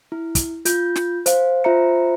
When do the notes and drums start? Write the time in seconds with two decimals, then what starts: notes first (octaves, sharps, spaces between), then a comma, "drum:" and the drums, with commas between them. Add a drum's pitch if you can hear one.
0.12 E4
0.35 drum: kick, hi-hat
0.65 F4 G6, drum: hi-hat
0.96 drum: snare
1.26 C5 F5, drum: hi-hat
1.64 F4 C5 E5 A#5 C#7